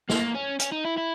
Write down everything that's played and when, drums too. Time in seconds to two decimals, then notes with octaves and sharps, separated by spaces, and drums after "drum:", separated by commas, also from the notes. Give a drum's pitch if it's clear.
0.10 A#3, drum: snare
0.35 C#4
0.60 C#4, drum: hi-hat
0.72 D#4
0.85 E4
0.97 E4